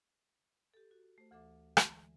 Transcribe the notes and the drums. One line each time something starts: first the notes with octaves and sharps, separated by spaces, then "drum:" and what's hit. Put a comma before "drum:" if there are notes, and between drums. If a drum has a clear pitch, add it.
G4 A4
F#4
A3 C5
D2 E3 A4 E5 D6
D3 E3 G#3, drum: rim click